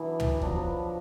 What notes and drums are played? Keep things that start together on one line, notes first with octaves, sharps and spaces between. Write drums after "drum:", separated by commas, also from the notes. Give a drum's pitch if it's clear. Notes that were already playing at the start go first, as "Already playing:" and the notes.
Already playing: E3 F#3 B3 D4
drum: tom
F3 F#3 B3 D4, drum: kick D#2